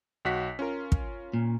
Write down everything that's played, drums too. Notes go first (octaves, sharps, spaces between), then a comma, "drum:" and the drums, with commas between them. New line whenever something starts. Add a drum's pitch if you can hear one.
B1 F#4 B6
C#4 F4 A#4
drum: kick
A#2